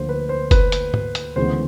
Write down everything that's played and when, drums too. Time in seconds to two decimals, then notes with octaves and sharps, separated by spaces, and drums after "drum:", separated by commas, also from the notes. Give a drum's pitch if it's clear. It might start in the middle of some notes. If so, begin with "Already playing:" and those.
Already playing: D2 D3 F3 A#3 C5
0.09 B4
0.29 C5
0.51 B4, drum: kick, hi-hat
0.72 drum: hi-hat
0.94 drum: tom G#2
1.15 drum: hi-hat
1.36 D2 C#3 E3 G#3 B3 C5